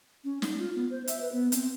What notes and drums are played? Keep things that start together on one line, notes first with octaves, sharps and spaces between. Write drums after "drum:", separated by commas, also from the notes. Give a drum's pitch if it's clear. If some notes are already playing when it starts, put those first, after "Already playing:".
C#4
D#4, drum: snare
F4
B3
C5
E5, drum: hi-hat
B4
B3
C4, drum: hi-hat